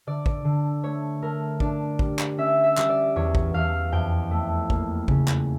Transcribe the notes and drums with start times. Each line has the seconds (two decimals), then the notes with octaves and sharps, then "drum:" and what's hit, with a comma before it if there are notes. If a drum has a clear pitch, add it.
0.07 D3 D5
0.26 drum: kick
0.44 D3
0.83 A3 C#5
1.22 A3 A#4
1.60 D4 D5, drum: kick
1.99 G3, drum: kick
2.19 drum: clap
2.38 C#4 E5
2.64 E5
2.77 G3, drum: clap
2.89 D5
3.16 E2 C#5
3.35 drum: kick
3.54 E2 F5
3.92 F2 G5
4.31 A3
4.70 A#3, drum: kick
5.08 C#3, drum: kick
5.28 drum: clap